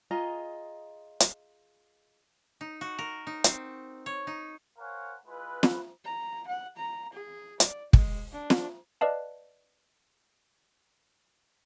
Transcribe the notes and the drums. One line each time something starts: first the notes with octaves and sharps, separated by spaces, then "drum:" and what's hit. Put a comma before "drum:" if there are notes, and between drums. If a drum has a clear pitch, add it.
F4 G#4 D#5 A#5
drum: hi-hat
D#4
F#4
A#4
D#4
C4, drum: hi-hat
C#5
D#4
A#4 C5 C#5 F5 F#5 G#5
G#3 E4 F4 B4
drum: snare
A#5
F#5
A#5
G#4
D5, drum: hi-hat
G#3, drum: kick
D4
drum: snare
B4 D5 D#5 F5 A5